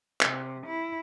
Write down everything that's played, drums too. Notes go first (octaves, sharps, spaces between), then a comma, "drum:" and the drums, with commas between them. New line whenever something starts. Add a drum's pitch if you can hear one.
C3, drum: clap
E4